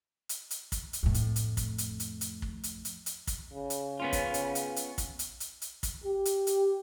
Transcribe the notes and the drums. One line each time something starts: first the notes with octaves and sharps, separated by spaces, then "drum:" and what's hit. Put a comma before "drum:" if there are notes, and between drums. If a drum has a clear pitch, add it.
drum: hi-hat
drum: hi-hat
drum: kick, hi-hat
drum: hi-hat
F2 A2
drum: hi-hat
drum: hi-hat
drum: kick, hi-hat
drum: hi-hat
drum: hi-hat
drum: hi-hat
drum: kick
drum: hi-hat
drum: hi-hat
drum: hi-hat
drum: kick, hi-hat
C#3
drum: hi-hat
B3 C#4 F4
drum: kick, hi-hat
drum: hi-hat
drum: hi-hat
drum: hi-hat
drum: kick, hi-hat
drum: hi-hat
drum: hi-hat
drum: hi-hat
drum: kick, hi-hat
G4
drum: hi-hat
drum: hi-hat